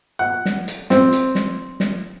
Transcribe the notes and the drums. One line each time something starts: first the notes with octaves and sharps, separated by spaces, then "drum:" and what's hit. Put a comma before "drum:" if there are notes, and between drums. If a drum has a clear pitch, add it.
F#5
drum: snare
drum: hi-hat
C4, drum: snare
drum: hi-hat
drum: snare
drum: snare